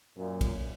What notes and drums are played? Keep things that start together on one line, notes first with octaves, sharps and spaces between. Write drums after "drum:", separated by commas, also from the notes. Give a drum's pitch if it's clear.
F#2 A#2
drum: kick, cymbal